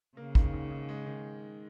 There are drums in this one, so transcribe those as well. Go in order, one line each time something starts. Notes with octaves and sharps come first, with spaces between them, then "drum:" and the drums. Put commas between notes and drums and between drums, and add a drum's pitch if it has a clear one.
C#3 A#3
D#3, drum: kick
G#2
G#2
G#3
D#3